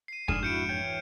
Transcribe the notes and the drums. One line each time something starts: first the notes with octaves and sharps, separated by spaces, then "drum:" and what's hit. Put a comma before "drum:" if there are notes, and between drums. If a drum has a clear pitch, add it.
C7 D#7
F2 G#2 D3 D4 G#4 G#5 F6 E7, drum: kick
E4 F#4 G6 C#7 D7
E3 C#5 G5